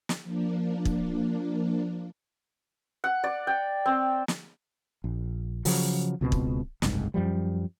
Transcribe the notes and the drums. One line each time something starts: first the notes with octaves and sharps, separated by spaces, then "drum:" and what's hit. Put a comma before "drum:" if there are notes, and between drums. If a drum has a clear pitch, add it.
drum: snare
F3 A#3 D4
drum: kick
F#5
D5
G5
C4
drum: snare
A#1
C#3 F3 F#3, drum: open hi-hat
C#2 B2 F#3 C4
drum: kick
F#1 C2 G#2, drum: snare
F#2 F3 G3